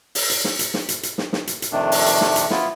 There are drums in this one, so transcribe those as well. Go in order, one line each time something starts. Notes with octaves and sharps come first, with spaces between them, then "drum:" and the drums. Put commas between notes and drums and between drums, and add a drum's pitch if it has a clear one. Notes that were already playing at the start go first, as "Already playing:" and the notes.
drum: open hi-hat
drum: hi-hat
drum: snare
drum: hi-hat
drum: snare
drum: hi-hat
drum: hi-hat
drum: snare
drum: snare
drum: hi-hat
drum: hi-hat
F2 C3 D#3 A3 D4
drum: open hi-hat
drum: hi-hat
drum: snare
drum: hi-hat
B3 E4 F4, drum: snare